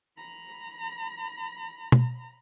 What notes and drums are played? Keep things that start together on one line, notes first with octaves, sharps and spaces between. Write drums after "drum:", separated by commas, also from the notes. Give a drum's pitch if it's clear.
A#5 B5
drum: tom B2